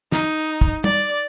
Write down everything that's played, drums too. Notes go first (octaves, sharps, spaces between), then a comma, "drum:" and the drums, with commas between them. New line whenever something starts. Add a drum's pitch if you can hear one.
D#4, drum: snare
drum: kick
D5, drum: tom